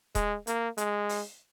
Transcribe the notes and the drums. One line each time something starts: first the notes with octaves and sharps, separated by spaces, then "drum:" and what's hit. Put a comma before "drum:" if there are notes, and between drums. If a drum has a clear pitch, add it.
G#3, drum: kick D#1, hi-hat
A#3, drum: hi-hat
G#3, drum: hi-hat
drum: open hi-hat